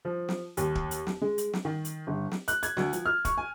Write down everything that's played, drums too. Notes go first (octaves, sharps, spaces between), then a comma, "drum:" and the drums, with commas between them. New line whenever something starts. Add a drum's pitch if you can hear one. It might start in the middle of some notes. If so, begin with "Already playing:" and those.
F3
drum: snare
D#2, drum: hi-hat
drum: kick
drum: hi-hat
drum: snare
G#3
drum: hi-hat
drum: snare
D#3
drum: hi-hat
G1
drum: snare
F#6, drum: hi-hat
G#6, drum: hi-hat
D2, drum: snare
F3, drum: hi-hat
F6
C#6, drum: kick, hi-hat
G#5